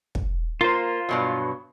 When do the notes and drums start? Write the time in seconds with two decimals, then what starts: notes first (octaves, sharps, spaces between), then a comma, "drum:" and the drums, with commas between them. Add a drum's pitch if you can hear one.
0.15 drum: kick
0.61 A#3 F4 C5
1.09 G2 B2 F#3